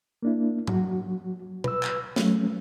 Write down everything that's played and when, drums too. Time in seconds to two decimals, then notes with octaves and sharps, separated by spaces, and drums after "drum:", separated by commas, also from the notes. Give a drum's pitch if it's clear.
0.23 A#3 D4 E4
0.67 F#3 F#4, drum: tom G#2
1.64 B4 E6, drum: tom B2
1.83 drum: clap
2.16 F#3 A3 C#4, drum: snare